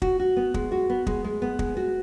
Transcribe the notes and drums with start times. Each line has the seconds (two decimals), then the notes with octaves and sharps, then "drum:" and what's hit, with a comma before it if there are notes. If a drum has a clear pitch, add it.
0.02 F#4, drum: kick
0.20 F#4
0.37 B3
0.54 G#3, drum: kick
0.72 F#4
0.90 B3
1.07 G#3, drum: kick
1.24 G#3
1.42 B3
1.59 G#3, drum: kick
1.77 F#4